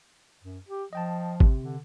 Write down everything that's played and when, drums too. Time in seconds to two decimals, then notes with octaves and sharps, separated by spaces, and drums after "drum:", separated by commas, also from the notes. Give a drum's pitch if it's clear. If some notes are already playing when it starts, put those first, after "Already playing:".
0.43 F#2
0.69 G4
0.93 F3 D#5 G5 A5
1.40 C3, drum: kick
1.62 D3